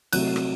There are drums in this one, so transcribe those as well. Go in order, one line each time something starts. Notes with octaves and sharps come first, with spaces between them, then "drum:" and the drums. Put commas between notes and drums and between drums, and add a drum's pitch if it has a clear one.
C3 F#3 A3 F#6, drum: cymbal
drum: rim click